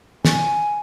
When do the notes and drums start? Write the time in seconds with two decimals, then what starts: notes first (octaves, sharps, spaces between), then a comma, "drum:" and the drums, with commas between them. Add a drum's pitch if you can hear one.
0.25 G#5, drum: snare